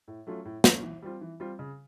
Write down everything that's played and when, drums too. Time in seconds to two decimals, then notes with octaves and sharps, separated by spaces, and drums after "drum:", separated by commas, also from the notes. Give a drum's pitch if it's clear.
0.08 A2
0.27 F#3 A3 C#4 F4
0.45 A2
0.64 F#3 A3 C#4 F4, drum: snare
0.83 E3
1.02 G3 C4 F4
1.21 E3
1.40 G3 C4 F4
1.59 C#3